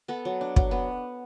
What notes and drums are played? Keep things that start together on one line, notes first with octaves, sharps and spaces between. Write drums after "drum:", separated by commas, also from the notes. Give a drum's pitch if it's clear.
B3 A4
F#3
D4
F#3, drum: kick
B3